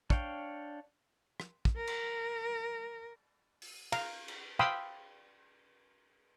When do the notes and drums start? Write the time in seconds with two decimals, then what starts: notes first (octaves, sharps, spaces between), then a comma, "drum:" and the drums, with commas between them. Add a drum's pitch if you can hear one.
0.10 D4 C#5 F5 G5, drum: kick
1.40 drum: rim click
1.65 drum: kick
1.77 A#4
1.87 drum: cymbal
3.62 drum: open hi-hat
3.92 F5 A#5, drum: cymbal
4.28 drum: cymbal
4.59 F5 G5 B5 C6 D#6 E6